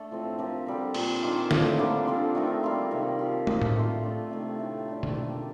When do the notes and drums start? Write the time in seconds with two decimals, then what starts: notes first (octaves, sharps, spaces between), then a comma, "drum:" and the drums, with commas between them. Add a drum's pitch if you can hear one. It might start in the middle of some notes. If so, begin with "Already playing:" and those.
Already playing: A3 D4 A4
0.11 A2 F3 C4
0.38 F3 C4 G4 A#4
0.67 D3 G3 C4
0.94 A#2 F3 C4, drum: cymbal
1.23 D#3 A#3 F4
1.51 A2 F3 A3 D4, drum: snare
1.79 D3 G3 A#3 D4
2.07 D3 F3 C4 F4
2.35 D#3 A3 D#4 A#4
2.63 G3 A#3 F4 C5
2.91 C3 D#3 A#3
3.19 F3 C4 G4
3.47 A#3 D#4 A4 D#5, drum: tom
3.62 drum: tom A2
3.76 A3 D4 F4
4.03 A3 D4 F4
4.31 C3 D#3 A3
4.59 A2 A3 C4
4.88 G3 D4 G4
5.03 drum: tom B2
5.15 D#3 A#3 D4